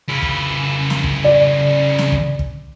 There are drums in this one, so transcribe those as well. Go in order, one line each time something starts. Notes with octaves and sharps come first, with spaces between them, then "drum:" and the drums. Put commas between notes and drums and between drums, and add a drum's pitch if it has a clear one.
C#3 E4
drum: kick
drum: snare
drum: kick
D5
drum: snare
drum: kick
drum: kick